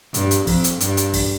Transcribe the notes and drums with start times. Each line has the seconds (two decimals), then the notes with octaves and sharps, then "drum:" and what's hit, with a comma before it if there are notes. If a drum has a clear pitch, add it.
0.14 G2, drum: hi-hat
0.31 drum: hi-hat
0.47 F2, drum: kick, open hi-hat
0.64 drum: hi-hat
0.80 G2, drum: hi-hat
0.97 drum: hi-hat
1.14 drum: kick, open hi-hat